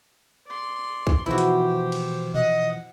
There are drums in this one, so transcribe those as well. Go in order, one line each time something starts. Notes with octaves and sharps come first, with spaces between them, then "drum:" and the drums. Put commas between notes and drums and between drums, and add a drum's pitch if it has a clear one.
D5 C6
drum: kick
B2 E3 F3 E4 F#4 G4 C5
drum: hi-hat
drum: cymbal
D#5 F#5, drum: tom A#2